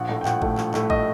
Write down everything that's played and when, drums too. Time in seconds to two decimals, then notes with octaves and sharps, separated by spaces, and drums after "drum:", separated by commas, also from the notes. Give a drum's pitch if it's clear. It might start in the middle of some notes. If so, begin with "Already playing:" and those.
Already playing: A#1 F#5
0.09 A2 A3
0.21 G5
0.25 A#1 F#5, drum: clap
0.42 A2 A3, drum: kick A1
0.58 A#1, drum: clap
0.74 A2 A3, drum: clap
0.90 D#5, drum: kick A1